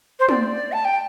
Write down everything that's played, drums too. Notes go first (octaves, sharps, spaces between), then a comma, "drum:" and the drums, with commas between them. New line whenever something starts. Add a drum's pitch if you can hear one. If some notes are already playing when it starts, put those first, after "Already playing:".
C5
D5, drum: tom
A5
G5